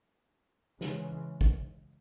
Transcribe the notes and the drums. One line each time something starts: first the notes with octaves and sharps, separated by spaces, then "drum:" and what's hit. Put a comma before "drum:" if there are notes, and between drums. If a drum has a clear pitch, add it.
C#3 E3 G#3, drum: snare
drum: kick